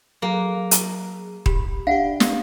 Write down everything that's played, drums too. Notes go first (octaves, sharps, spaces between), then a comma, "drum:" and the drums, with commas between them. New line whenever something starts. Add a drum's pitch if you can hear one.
F#3 A#3 G#4
drum: hi-hat
G4 B5, drum: kick D#1
D4 G4 F5 F#5
drum: snare